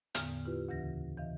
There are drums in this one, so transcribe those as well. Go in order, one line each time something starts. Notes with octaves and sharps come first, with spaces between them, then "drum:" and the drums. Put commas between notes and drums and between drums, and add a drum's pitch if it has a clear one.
E2 A2 D3 B3 D#6 F6, drum: hi-hat
E4 F4 G4 B4
D2 C#3 E3 A#6
C3 E3 D#5 F5